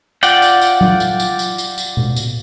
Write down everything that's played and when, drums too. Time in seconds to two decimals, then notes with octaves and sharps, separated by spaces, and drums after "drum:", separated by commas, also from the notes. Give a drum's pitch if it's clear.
0.23 F4 D5 F#5 G5, drum: tambourine
0.42 drum: tambourine
0.61 drum: tambourine
0.81 drum: tom F#3
1.00 drum: tambourine
1.20 drum: tambourine
1.39 drum: tambourine
1.58 drum: tambourine
1.78 drum: tambourine
1.97 drum: tom B2
2.16 drum: tambourine